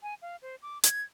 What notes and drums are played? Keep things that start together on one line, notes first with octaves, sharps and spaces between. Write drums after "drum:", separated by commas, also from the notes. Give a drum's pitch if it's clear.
G#5
F5
C5
D6
G#6, drum: hi-hat